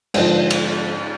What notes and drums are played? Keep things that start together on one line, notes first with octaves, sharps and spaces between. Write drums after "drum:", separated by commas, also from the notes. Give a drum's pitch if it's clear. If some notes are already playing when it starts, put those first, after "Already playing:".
G#2 D3 F3, drum: cymbal
drum: cymbal